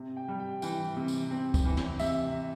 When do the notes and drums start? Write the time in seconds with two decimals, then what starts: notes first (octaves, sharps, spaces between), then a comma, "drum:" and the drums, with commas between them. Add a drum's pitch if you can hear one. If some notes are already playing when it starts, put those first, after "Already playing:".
Already playing: C3
0.17 G5
0.28 G3
0.40 G5
0.62 E3 G5, drum: tambourine
0.96 C3
1.08 drum: tambourine
1.31 C4
1.54 drum: kick, tambourine
1.65 E3
1.77 drum: snare
1.99 C3 E5, drum: tambourine